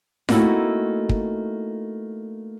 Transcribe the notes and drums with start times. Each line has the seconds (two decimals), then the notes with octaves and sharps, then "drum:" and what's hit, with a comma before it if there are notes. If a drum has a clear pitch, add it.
0.29 A3 A#3 C4 D#4 E4 F#4, drum: snare F4
1.09 drum: kick